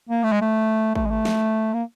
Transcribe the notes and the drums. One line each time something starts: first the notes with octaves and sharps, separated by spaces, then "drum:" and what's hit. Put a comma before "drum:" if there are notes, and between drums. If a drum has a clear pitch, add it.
A#3
A3
G#3
A3
A3, drum: kick G#1
G#3
A3
drum: snare
A#3